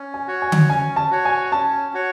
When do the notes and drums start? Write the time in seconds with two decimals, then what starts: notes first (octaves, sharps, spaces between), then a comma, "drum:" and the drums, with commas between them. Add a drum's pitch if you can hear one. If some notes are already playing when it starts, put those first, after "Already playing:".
Already playing: C#4
0.14 G#5
0.28 F#4 C#5
0.42 G#5
0.52 drum: tom D3
0.69 C#4 G#5
0.96 A5
1.11 F#4 C#5
1.25 G#5
1.52 C#4 A5
1.94 F#4 C#5